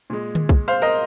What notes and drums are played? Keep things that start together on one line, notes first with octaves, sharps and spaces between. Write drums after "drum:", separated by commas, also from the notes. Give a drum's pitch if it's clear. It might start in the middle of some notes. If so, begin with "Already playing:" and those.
A#2 G#3
drum: tom D3
drum: kick B1
C5 F5
A#4 D#5